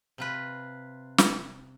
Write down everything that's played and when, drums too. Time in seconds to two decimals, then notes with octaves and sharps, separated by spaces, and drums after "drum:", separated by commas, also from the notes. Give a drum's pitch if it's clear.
0.18 C3 F4 B4
1.18 drum: snare